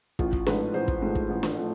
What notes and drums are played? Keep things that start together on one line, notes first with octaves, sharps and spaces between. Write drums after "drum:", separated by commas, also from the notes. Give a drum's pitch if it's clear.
A1 F4, drum: kick
drum: kick
G#2 F3 A3 B4, drum: snare
A1 C5
drum: kick
G#2 F3 A3
drum: kick
A1
drum: snare
F3 A3